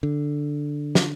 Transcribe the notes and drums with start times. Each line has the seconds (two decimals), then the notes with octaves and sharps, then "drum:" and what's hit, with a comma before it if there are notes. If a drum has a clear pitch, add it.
0.03 D3
0.95 drum: snare